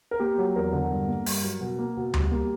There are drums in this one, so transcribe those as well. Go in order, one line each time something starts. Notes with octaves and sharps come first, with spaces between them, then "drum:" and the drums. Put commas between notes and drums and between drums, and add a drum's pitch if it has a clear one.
A#4
A#3 G4
F#3
E2 A#4
D3
G2
A#3
G2, drum: open hi-hat
F#3
B2
A#3
B2
G3, drum: tom D2
A#3 G4